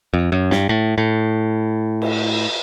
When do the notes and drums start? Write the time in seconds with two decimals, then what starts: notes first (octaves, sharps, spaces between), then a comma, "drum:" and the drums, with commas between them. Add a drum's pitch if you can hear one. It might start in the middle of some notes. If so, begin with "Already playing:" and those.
0.14 F2
0.32 F#2
0.51 G2, drum: snare
0.69 A2
0.98 A2
2.02 drum: cymbal